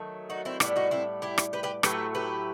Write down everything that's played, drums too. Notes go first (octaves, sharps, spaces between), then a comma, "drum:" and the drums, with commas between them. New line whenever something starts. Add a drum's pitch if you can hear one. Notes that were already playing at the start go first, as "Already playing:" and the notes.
Already playing: D#3 F#3 A3
D#4 F#4
C4 E4
A2 G3 B3 E4 G4, drum: rim click
D#4 F#4
C4 E4
E4 G4
drum: rim click
G4 B4
G4 B4
A2 F#3 A3 G4 B4, drum: rim click
G4 B4